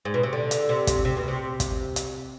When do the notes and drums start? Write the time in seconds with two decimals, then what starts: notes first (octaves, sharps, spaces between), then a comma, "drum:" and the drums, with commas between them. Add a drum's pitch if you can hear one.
0.05 G#2
0.14 B2
0.23 C3
0.33 D3
0.51 drum: hi-hat
0.69 C3
0.87 drum: kick, hi-hat
1.05 C3
1.17 B2
1.28 C3
1.60 drum: kick, hi-hat
1.96 drum: hi-hat